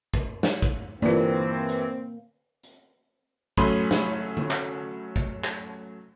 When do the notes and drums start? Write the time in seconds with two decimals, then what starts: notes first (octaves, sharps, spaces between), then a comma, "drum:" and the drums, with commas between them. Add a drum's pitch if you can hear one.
0.14 drum: kick
0.43 drum: snare
0.62 drum: kick
1.02 G2 E3 A#3 C4 F4 D5, drum: tom D3
1.69 drum: hi-hat
2.63 drum: hi-hat
3.57 F#3 A3 C#4 B5 C6 D#6, drum: kick
3.91 drum: snare
4.37 drum: tom D3
4.51 drum: clap
5.16 drum: kick
5.44 drum: clap